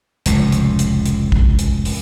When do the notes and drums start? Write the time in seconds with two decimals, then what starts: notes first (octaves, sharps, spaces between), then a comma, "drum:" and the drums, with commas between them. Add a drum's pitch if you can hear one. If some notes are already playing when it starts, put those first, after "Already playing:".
0.26 F1 C#2 A2, drum: hi-hat
0.52 drum: hi-hat
0.79 drum: hi-hat
1.06 drum: hi-hat
1.32 drum: kick
1.59 drum: hi-hat
1.85 drum: open hi-hat